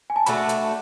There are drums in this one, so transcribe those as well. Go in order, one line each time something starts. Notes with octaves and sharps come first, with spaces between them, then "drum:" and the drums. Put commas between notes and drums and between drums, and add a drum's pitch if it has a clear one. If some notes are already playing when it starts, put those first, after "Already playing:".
G#5
A5
A3 D4 F#4 B5, drum: hi-hat
drum: hi-hat